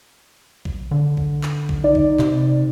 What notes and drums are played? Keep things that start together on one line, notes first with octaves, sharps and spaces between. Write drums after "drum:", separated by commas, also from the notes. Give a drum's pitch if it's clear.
drum: kick A#1
D3
drum: kick A#1
drum: clap
drum: kick A#1
D#4 D5
drum: kick A#1
C3, drum: clap